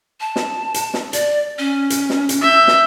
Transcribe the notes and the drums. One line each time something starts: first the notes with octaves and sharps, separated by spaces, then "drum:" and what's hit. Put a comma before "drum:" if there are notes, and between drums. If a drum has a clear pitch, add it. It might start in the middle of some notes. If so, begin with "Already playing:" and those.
A5
drum: snare
drum: hi-hat
drum: snare
D5, drum: hi-hat
C#4
drum: hi-hat
drum: snare
drum: hi-hat
E5 G6
drum: snare